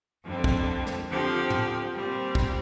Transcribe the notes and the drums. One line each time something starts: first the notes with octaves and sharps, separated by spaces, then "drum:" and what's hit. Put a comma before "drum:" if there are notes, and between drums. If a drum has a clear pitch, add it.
F2 D3 G3 C4
drum: kick
drum: snare
D3 F3 C4 G4
drum: tom
A#2 G3 C4 G4
drum: kick